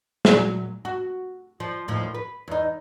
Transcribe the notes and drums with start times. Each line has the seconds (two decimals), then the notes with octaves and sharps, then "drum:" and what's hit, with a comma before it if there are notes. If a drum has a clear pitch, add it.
0.25 A#2 F#3 E5, drum: snare
0.85 F#4
1.60 F3
1.88 D#2 A2 F3
2.15 B4
2.48 E2 D#4